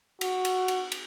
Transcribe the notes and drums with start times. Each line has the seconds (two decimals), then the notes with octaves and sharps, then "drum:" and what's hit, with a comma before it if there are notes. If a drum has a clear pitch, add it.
0.21 F#4, drum: cymbal
0.45 drum: cymbal
0.68 drum: cymbal
0.92 drum: cymbal